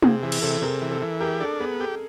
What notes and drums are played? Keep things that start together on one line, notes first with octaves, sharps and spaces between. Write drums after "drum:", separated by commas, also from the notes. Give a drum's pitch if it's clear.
C3 G#4, drum: tom
E3 G#4
drum: cymbal
C3 A4
C3 G#4 A#4
E3
A4
E3
G4 G#4 A#4
D4 A4
B3 G#4
G4 A4